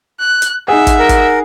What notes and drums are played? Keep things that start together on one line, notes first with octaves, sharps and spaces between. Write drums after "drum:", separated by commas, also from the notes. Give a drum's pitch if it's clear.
F#6
drum: hi-hat
D#4 G#4 E5 F#5
drum: kick, hi-hat
A#4
drum: kick, hi-hat